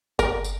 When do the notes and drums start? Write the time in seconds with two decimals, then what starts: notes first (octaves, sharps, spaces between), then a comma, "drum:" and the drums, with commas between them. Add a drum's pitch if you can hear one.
0.19 A#4, drum: kick G1, tambourine
0.44 drum: tambourine